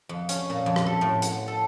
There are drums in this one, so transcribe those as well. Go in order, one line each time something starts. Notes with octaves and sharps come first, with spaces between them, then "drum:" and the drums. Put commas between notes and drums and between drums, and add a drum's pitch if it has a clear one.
F2
C#4, drum: hi-hat
A#2
F2
drum: rim click
A4
A2
F#5, drum: hi-hat
A4